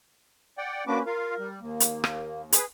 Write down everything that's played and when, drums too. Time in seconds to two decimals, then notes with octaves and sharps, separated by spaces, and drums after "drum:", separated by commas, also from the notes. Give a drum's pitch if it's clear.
0.58 D5 F#5 G5
0.87 A#3 C#4 D4 F#4 B4 D6
1.06 F4 A#4 F5
1.39 G3
1.61 D#2 A#3
1.80 drum: hi-hat
2.04 drum: rim click
2.52 G#4 B4, drum: hi-hat